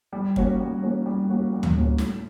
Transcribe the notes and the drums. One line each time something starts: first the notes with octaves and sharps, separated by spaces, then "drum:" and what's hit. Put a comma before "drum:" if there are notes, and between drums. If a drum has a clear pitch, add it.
G3
A#3 C#4 F#4, drum: kick
G3
A#3 C#4 F#4
G3
A#3 C#4 F#4
G3
drum: tom
A#3 C#4 F#4
A2, drum: snare